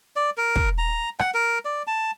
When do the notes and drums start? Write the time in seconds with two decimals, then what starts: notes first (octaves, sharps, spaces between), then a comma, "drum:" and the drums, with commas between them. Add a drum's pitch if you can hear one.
0.16 D5
0.37 A#4
0.56 drum: kick
0.78 A#5
1.19 F#5, drum: rim click
1.34 A#4
1.65 D5
1.87 A5